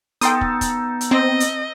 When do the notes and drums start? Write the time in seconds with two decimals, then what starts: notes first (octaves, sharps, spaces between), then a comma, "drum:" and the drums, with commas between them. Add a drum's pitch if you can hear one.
0.21 B3 D#4 A4 G5 C6 D#6, drum: hi-hat
0.41 drum: kick
0.61 drum: kick, hi-hat
1.01 drum: hi-hat
1.11 C4 D#5
1.40 drum: hi-hat